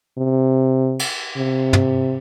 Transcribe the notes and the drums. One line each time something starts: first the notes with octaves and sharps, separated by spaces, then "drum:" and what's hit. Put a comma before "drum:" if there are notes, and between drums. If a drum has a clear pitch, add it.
C3
drum: cymbal
C3
drum: tom